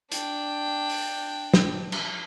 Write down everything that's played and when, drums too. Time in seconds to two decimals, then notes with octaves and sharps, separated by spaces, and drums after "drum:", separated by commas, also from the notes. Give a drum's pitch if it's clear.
0.12 D4 G5, drum: hi-hat
0.89 drum: open hi-hat
1.54 drum: snare
1.92 drum: cymbal